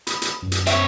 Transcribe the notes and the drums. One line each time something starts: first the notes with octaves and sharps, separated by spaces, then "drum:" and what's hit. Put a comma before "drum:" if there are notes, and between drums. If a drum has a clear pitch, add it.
B5 D#6, drum: hi-hat
drum: hi-hat
F#2
drum: hi-hat
C4 C#5 E5, drum: hi-hat